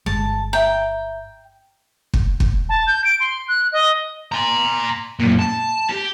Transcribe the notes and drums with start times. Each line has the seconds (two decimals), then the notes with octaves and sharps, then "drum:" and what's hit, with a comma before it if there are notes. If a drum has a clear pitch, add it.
0.06 G1 G#3 A5
0.53 E5 G5 A#5
2.14 drum: kick
2.40 drum: kick
2.69 A5
2.87 G6
3.04 D7
3.20 C6
3.48 F#6
3.72 D#5
4.32 A#5 C6
5.20 F#2 A#2
5.39 A5
5.89 G4